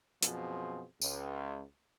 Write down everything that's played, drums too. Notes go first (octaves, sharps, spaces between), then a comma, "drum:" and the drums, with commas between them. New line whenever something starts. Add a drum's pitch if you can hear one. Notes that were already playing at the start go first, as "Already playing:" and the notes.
F#2 B2 F3 C4 F4 G#4, drum: hi-hat
C#2, drum: tambourine